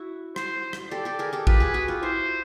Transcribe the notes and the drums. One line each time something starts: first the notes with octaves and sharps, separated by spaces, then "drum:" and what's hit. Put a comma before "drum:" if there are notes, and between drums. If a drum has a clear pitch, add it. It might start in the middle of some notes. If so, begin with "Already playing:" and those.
Already playing: E4 F#4
C5, drum: rim click
drum: rim click
G4 A4 D5
G4 A4
G#4 A#4
G4 A4
F4 G4 B4, drum: kick
F#4 G#4
F#4 G#4
F4 G4
E4 F#4 C5